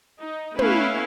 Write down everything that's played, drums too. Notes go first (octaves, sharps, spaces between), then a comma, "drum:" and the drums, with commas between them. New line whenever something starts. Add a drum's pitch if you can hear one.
D#4
A3 B3 C#4 E4 B4 F5, drum: tom